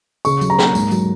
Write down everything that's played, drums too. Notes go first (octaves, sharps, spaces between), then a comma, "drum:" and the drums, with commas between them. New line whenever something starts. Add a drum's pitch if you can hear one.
C#3 C#6, drum: tambourine
F#3, drum: tambourine
A#5
A#3, drum: snare
G#2, drum: tambourine
F#3, drum: tambourine